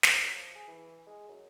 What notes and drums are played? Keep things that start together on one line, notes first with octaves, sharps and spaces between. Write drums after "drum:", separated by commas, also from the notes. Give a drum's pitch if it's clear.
D#2, drum: snare
F#2
F3
G#4
E3
G#3
F#2